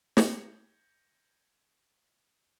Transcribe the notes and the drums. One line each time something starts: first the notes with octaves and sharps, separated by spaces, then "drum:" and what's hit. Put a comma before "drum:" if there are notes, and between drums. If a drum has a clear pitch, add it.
G6 G#6 A#6 C#7, drum: snare